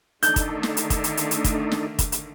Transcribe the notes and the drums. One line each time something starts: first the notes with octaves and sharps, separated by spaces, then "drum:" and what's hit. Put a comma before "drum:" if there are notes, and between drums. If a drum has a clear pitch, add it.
D3 D#3 A3 D4 D#4 A4 G6, drum: hi-hat
drum: kick, hi-hat
drum: snare
drum: hi-hat
drum: kick, hi-hat
drum: hi-hat
drum: hi-hat
drum: hi-hat
drum: kick, hi-hat
drum: snare
drum: kick, hi-hat
drum: hi-hat